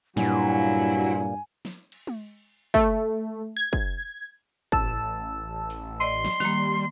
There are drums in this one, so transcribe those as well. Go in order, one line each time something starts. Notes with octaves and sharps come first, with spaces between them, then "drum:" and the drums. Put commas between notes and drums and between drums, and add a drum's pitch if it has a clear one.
G2 A#2 F#3 E4 G#5, drum: snare
drum: snare
drum: cymbal
drum: tom G#3
A3, drum: kick
G#6
drum: kick
A1 A5 E6, drum: kick
drum: open hi-hat
D5 D#5 C6
drum: snare
D#3 G3 A#3, drum: snare